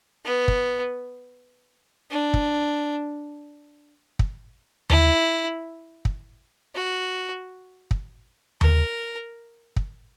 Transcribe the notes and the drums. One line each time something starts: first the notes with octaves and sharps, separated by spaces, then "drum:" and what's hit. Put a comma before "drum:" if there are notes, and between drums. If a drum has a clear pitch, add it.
B3
drum: kick
D4
drum: kick
drum: kick
E4, drum: tom D#2
drum: kick
F#4
drum: kick
A#4, drum: tom D#2
drum: kick